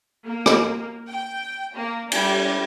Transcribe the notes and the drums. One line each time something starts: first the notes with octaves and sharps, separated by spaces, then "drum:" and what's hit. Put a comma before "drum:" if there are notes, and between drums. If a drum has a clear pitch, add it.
A#3
drum: rim click
G5
A#3
G3, drum: cymbal